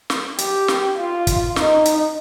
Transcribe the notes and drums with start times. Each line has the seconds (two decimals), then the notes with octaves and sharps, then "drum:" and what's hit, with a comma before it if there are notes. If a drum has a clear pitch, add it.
0.10 drum: snare
0.38 G4, drum: hi-hat
0.68 drum: snare
0.97 F4
1.27 drum: kick, hi-hat
1.56 D#4, drum: snare
1.85 drum: hi-hat